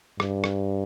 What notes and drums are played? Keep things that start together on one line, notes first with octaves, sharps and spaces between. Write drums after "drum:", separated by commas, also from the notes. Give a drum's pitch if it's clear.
G2, drum: rim click
drum: rim click